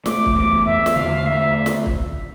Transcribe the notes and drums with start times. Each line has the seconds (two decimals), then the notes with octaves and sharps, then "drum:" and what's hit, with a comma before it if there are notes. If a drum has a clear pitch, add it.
0.06 A3 D6, drum: snare
0.26 drum: kick
0.36 E2 D6
0.65 E2 E5
0.86 drum: snare
0.96 D3 F5
1.25 A3 E5
1.66 drum: snare
1.86 drum: kick